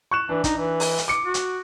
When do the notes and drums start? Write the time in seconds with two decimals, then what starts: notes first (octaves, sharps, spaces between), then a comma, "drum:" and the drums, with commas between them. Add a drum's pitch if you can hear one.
0.11 C#6 F#6 E7
0.29 E3 D4
0.44 D#4, drum: kick, hi-hat
0.57 E3
0.80 drum: open hi-hat
0.98 drum: hi-hat
1.08 D6 C#7
1.25 F#4
1.34 drum: hi-hat